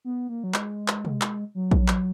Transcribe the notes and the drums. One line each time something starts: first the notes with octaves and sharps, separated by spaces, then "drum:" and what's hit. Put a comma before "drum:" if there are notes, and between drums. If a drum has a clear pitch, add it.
B3
A#3
F#3
G#3, drum: clap
drum: clap
drum: tom
drum: clap
F#3
drum: kick A#1
drum: clap